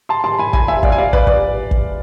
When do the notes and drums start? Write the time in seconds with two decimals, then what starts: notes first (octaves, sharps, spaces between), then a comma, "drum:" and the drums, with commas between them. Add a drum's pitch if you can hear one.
0.09 A5 C6
0.24 A5 C6
0.39 G#5 B5
0.53 G#5 B5, drum: kick
0.68 E5 G#5
0.83 D5 F5, drum: kick
0.92 G#5
0.98 D5 F5
1.13 B4 D5, drum: kick
1.27 B4 D5, drum: kick
1.71 drum: kick